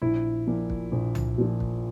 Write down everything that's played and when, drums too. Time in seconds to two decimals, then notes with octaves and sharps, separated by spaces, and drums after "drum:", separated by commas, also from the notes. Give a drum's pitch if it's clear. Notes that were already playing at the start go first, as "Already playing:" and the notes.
0.02 A#1 E4
0.47 A#2 F3
0.70 drum: kick
0.92 A#1
1.15 drum: tom C2
1.38 A#2 F3
1.60 drum: kick